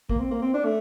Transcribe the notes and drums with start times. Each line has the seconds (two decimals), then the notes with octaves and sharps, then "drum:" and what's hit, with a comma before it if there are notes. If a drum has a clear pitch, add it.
0.09 A#3, drum: kick
0.19 C4
0.31 A#3
0.42 C4
0.54 D4
0.65 A3